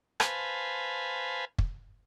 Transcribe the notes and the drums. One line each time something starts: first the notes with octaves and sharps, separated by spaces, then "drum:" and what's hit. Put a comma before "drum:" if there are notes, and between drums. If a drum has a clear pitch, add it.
B4 C5 F5 G#5 A5 B5, drum: rim click
drum: kick